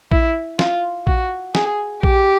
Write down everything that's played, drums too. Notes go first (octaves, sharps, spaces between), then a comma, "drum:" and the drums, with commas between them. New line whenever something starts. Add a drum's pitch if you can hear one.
E4, drum: kick A#1
F4, drum: snare
F#4, drum: kick A#1
G#4, drum: snare
G4, drum: kick A#1